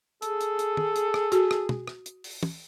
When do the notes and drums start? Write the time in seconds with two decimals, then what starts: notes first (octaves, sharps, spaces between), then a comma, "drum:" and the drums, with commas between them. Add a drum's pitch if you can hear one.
0.22 G#4 A4, drum: hi-hat
0.41 drum: hi-hat
0.59 drum: hi-hat
0.77 drum: tom
0.96 drum: hi-hat
1.14 drum: rim click
1.32 F#4, drum: hi-hat
1.51 drum: rim click
1.69 drum: tom
1.88 drum: rim click
2.06 drum: hi-hat
2.24 drum: open hi-hat
2.43 drum: tom